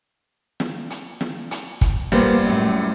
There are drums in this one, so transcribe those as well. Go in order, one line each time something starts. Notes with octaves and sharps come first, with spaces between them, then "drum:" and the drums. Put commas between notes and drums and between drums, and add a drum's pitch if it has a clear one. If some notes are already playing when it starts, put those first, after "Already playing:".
drum: snare
drum: hi-hat
drum: snare
drum: hi-hat
drum: kick, hi-hat
A#2 G3 A#3 B3 C5, drum: snare
F#2 A2